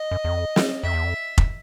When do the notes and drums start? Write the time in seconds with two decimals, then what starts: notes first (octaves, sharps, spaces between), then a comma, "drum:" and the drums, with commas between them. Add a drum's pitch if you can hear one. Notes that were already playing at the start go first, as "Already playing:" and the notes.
Already playing: D#5
0.11 F#2
0.24 E2
0.29 F2
0.56 drum: snare
0.83 F2 E5
0.94 E2
1.04 F2
1.38 drum: kick F1